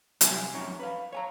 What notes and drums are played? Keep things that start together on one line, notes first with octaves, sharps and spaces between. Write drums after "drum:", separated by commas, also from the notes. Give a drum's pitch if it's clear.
C2 F#3 G3 G#5, drum: hi-hat
F2 F#3 C#4 D#4 C#5 A#5
B4 F5
C#5 G#5 A#5